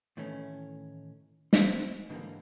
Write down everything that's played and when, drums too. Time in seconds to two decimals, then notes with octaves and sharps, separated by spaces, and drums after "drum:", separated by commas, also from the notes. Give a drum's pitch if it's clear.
0.17 A2 D#3 E3 A3 C#4
1.53 G3 C4, drum: snare
2.10 G#2 D3 E3 F3 G3 A#3